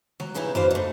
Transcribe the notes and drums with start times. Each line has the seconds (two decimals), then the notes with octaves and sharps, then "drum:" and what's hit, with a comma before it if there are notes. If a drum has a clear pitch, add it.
0.20 F#3, drum: snare G#3
0.34 G2 C#3 E3 D#4 E4
0.55 E3 F#3 D4 B4 C5 F5, drum: tom F2
0.71 A3 D#4